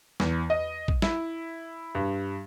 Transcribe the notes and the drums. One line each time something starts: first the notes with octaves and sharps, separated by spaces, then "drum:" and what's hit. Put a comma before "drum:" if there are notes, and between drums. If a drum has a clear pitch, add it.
E2, drum: snare
D#5
drum: kick
E4, drum: snare
G2